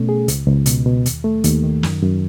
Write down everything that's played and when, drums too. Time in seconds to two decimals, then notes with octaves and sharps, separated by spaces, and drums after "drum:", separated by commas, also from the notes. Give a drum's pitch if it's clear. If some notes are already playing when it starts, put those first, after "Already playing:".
Already playing: B2 A3 C#4
0.09 G#4
0.28 C#2, drum: hi-hat
0.47 C#2
0.66 B2, drum: hi-hat
0.86 B2
1.06 D#2, drum: hi-hat
1.24 A3
1.44 D#2, drum: hi-hat
1.63 D#3
1.83 F#2, drum: snare
2.03 F#2